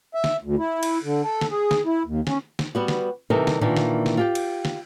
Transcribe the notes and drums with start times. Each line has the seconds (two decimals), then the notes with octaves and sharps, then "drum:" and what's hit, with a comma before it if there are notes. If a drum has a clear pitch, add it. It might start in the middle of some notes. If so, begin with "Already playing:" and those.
0.15 E5
0.24 drum: snare
0.44 D2
0.58 E4
0.83 drum: cymbal
1.04 D3
1.23 A4
1.41 drum: snare
1.51 G#4
1.71 drum: snare
1.86 E4
2.06 D#2
2.27 C#4, drum: snare
2.59 drum: snare
2.75 G3 B3 F#4
2.88 drum: snare
3.30 C3 E3 G3 D#4 A4 A#4
3.47 drum: snare
3.61 A#2 D#3 E3 A#3 D4
3.77 drum: snare
4.06 drum: snare
4.17 F4 G4 G5
4.35 drum: cymbal
4.65 drum: snare